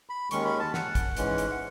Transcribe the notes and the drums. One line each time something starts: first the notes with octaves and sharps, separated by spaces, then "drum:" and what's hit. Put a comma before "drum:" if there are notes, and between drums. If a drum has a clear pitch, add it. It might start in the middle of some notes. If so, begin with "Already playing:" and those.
B5
D#2 D#3 G#3 C#4 C#6, drum: hi-hat
B5
A5
F#5, drum: snare
drum: kick, hi-hat
G#2 E3 G#3 C#4, drum: hi-hat
drum: hi-hat